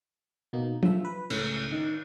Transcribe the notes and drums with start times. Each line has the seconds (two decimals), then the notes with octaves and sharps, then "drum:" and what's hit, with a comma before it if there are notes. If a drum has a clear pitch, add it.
0.53 B2 A#3 D#4
0.83 F3 E5, drum: tom
1.05 B4
1.30 C#2 A2 C#3, drum: cymbal
1.72 D#3